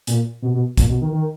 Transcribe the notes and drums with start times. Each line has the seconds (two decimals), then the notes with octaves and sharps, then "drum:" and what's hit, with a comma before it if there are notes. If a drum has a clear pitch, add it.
0.07 A#2, drum: hi-hat
0.42 B2
0.54 B2
0.77 A#2, drum: kick, hi-hat
0.89 B2
1.01 D#3
1.12 D#3